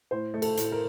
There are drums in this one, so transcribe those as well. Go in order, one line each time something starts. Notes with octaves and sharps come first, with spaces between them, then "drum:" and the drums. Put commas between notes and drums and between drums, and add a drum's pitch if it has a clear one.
A2 C5
A3
A4, drum: cymbal
A2, drum: hi-hat
A#4